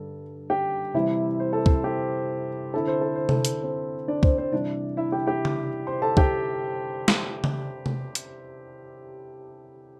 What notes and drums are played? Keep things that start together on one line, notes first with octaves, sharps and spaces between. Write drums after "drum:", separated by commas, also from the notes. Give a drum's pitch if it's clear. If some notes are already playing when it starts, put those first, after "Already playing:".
Already playing: G2 D3 G3 A4
G4 G5
C3 E3 G3 E4 E5
C5
A4
C4 C5, drum: kick C#2
G4
D3 C4 E4 A4
C5
A4
C5
A4, drum: tom C3
drum: hi-hat
C4 C5
D4 D5
C4 C5, drum: kick C#2
C4 C5
C3 E3 G3 D4 D5
E4 E5
G4 G5
G4 G5
drum: tom C#3
C5 C6
A4 A5
G4 G5, drum: kick C#2
drum: snare
drum: tom C#3
drum: tom C3
drum: hi-hat